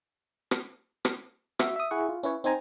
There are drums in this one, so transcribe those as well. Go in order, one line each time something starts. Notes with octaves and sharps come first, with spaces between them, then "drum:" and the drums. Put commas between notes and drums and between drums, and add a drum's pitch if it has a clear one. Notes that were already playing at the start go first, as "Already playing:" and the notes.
drum: rim click
drum: rim click
F#4 E5, drum: rim click
E5 D#6
E4 G#4 F#5 C#6
F4
C#4 E4 B4 C#5
C4 D#4 C5 G#5 A#5